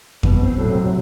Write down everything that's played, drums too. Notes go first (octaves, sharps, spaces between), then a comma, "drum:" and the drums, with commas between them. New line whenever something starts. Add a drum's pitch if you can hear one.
E2 B2, drum: kick F2
C4
A2 F#3
C3